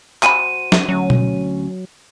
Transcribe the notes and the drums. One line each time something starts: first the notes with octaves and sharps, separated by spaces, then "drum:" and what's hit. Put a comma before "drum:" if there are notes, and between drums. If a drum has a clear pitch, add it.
F#4 C5 G#5 B5 D#7, drum: clap
drum: snare
D2 F#3 C#4
drum: tom B2